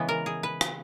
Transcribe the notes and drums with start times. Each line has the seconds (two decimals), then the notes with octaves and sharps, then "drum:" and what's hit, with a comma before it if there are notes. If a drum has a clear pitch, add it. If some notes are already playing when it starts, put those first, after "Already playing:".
Already playing: C#3 E3 G#3 B3
0.09 A#4
0.26 G#4
0.43 B4
0.61 drum: rim click